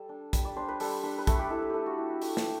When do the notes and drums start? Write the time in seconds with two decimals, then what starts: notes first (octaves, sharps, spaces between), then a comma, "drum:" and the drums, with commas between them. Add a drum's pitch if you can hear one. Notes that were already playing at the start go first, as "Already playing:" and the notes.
Already playing: G3 A4
0.09 D4
0.33 G3 B4, drum: kick, hi-hat
0.45 D5
0.56 D4 C5
0.68 B4
0.80 G3 A4, drum: open hi-hat
1.03 D4 B4
1.18 B4
1.27 A3 A4, drum: kick, hi-hat
1.39 G4
1.50 E4 A4
1.62 B4
1.70 A3 G4 A4
1.86 F#4
1.97 E4 G4
2.10 F#4
2.22 A3 G4, drum: open hi-hat
2.37 G4, drum: snare